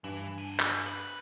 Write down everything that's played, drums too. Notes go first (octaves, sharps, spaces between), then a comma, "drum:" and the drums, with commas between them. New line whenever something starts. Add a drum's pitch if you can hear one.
G2 E3
D3 G#5
drum: clap
B4